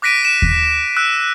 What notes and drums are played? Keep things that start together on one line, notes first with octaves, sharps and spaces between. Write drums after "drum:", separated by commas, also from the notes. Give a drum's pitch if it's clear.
D6 F#6 A#6 B6 D7 D#7
E7
drum: kick D#2
E6 F#6